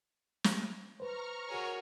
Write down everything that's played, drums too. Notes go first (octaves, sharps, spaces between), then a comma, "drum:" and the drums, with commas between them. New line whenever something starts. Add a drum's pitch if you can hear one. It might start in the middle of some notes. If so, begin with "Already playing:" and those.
drum: snare
B4 C5 A#5 C#6 F6
F#4 G#4 A#4 C#5